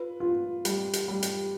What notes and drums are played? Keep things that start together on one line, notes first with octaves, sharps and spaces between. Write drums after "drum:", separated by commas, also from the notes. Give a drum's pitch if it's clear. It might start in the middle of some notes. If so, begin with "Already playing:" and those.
Already playing: F4 B4
F4
G3, drum: hi-hat
drum: hi-hat
G3
drum: hi-hat